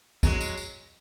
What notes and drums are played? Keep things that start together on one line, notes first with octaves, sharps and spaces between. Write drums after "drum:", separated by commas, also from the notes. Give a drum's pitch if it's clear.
E2 F#3 G#3, drum: kick, tambourine
drum: tambourine
drum: tambourine